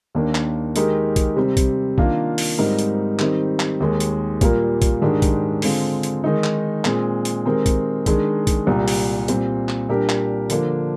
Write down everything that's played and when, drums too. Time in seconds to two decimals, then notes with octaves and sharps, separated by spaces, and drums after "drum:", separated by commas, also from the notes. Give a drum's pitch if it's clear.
0.15 D#2 D#3 A#3 D4
0.35 drum: clap
0.76 D#3 G#3 D#4 G4 A#4, drum: hi-hat
1.16 drum: kick A#1, hi-hat
1.36 C3 G3 C4
1.57 drum: kick A#1, hi-hat
1.98 D#3 A#3 D4 F4, drum: kick A#1
2.38 drum: open hi-hat
2.58 G#2 G3 C4 D#4 A#4
2.79 drum: hi-hat
3.19 D#3 G3 C4 D#4, drum: clap
3.60 drum: clap
3.80 D#2 D#3 G#3
4.00 drum: hi-hat
4.41 A#2 G3 A#3 F4 A#4, drum: kick A#1, hi-hat
4.82 drum: kick A#1, hi-hat
5.02 G#2 D#3 G#3 D4 G4
5.22 drum: kick A#1, hi-hat
5.62 D3 G#3 C4 F4, drum: open hi-hat
6.03 drum: hi-hat
6.24 D#3 G#3 D#4
6.44 drum: clap
6.85 A#2 G#3 C4, drum: clap
7.25 drum: hi-hat
7.46 D#3 G#3 C4 G4 A#4
7.66 drum: kick A#1, hi-hat
8.06 D#3 G#3 D4 G#4, drum: kick A#1, hi-hat
8.47 drum: kick A#1, hi-hat
8.67 C2 A#2 G3
8.88 drum: open hi-hat
9.28 A#2 G3 C4, drum: hi-hat
9.69 drum: clap
9.89 A#2 G3 D4 G4 A#4
10.09 drum: clap
10.50 D3 F3 A#3 D4, drum: hi-hat